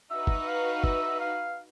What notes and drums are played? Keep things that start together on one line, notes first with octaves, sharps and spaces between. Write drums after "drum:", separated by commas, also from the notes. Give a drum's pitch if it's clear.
D#4 F#4 B4 E5
drum: kick
F5
E5, drum: kick
F5